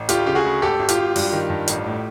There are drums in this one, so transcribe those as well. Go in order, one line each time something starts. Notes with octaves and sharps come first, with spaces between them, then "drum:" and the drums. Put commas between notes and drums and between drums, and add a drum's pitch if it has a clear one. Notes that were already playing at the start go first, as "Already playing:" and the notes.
Already playing: A1
D2 F4 G4, drum: hi-hat
C#3 G4
F#4 G#4
D2
G#1 G4 A4
G#1
F4 G4, drum: hi-hat
G#1
G2, drum: open hi-hat
D#3
G2
A1, drum: hi-hat
A2